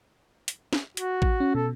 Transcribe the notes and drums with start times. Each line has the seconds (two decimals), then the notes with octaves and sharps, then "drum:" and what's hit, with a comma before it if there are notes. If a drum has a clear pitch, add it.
0.48 drum: hi-hat
0.73 drum: snare
0.97 F#4, drum: hi-hat
1.22 drum: kick A1
1.40 C#4
1.55 B2 A4